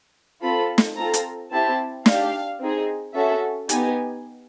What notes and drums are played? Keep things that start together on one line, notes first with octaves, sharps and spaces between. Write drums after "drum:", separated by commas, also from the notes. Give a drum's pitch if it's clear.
C4 F4 A4 B5
drum: snare
C4 F4 A4 A#5
drum: hi-hat
C4 E4 G4 A5
D4 G4 F5, drum: snare
C4 D#4 G#4
C#4 F#4 A4 E5
B3 D#4 G4 G#5, drum: hi-hat